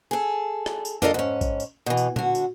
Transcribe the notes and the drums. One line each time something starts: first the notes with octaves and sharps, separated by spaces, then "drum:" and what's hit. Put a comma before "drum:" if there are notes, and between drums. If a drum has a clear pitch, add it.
G#4 A4
drum: rim click
drum: tambourine
D4 F4 A4 A#4 C5 D#5, drum: tom
G#2 C#4
drum: kick A1, tambourine
drum: tambourine
B2 E3
drum: tambourine
D3 F#4, drum: tom A#2
drum: tambourine